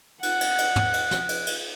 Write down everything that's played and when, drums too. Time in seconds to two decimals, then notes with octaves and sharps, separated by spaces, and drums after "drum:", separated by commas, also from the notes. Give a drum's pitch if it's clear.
0.23 F#5 F#6, drum: cymbal
0.40 drum: cymbal
0.58 drum: cymbal
0.76 drum: tom
0.93 drum: cymbal
1.11 drum: snare
1.29 drum: cymbal
1.47 drum: cymbal